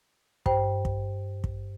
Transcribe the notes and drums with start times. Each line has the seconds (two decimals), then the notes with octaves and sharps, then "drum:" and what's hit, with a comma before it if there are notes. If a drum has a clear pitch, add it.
0.46 G2 C5 G5, drum: kick
0.85 drum: kick
1.44 drum: kick